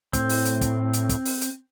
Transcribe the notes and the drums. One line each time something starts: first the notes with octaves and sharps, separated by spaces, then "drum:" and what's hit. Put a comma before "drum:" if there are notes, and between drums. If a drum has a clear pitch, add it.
A2 C4, drum: kick, hi-hat
drum: open hi-hat
drum: hi-hat
drum: kick, hi-hat
drum: hi-hat
drum: kick, hi-hat
drum: open hi-hat
drum: hi-hat